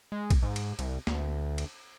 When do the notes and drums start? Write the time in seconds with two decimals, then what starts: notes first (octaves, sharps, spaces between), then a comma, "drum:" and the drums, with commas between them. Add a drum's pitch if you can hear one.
0.12 G#3
0.30 drum: kick, cymbal
0.43 G#2
0.56 drum: cymbal
0.79 C2, drum: cymbal
1.07 D2, drum: snare
1.58 drum: cymbal